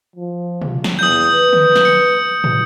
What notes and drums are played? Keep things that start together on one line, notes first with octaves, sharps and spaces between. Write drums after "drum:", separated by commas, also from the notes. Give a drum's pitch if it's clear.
F3
drum: tom B2
drum: snare
E2 D#6 G6
B4
drum: tom D3
drum: snare
C#7
drum: tom